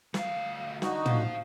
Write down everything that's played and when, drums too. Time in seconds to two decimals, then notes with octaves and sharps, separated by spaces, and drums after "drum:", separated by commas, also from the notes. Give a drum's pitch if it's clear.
0.14 D2 F5, drum: snare
0.82 D3 D#4 F#4, drum: snare
1.06 C5 F5, drum: tom